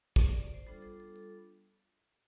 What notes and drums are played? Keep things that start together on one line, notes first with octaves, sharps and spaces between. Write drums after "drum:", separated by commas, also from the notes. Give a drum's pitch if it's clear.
D5, drum: kick
D5
D5
C5
G3 B3 D4 F4 A4
A4
A4
A4